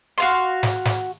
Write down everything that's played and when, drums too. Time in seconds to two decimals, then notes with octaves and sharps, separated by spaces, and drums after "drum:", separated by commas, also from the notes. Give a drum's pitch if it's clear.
0.18 F#4 F5 C6
0.63 drum: snare
0.85 drum: snare